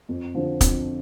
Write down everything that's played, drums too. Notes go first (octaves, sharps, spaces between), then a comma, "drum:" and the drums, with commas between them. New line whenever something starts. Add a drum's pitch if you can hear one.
F2
D3 F3
F2, drum: kick, hi-hat